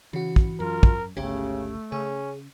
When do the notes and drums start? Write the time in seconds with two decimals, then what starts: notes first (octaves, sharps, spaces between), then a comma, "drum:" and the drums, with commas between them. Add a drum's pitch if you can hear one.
0.13 C#3 E3 F#4
0.36 drum: kick
0.60 F#2 F4 A#4
0.83 drum: kick
1.17 G1 C#2 C#3 A3 C#4 G4
1.92 C#3 C#4 G#4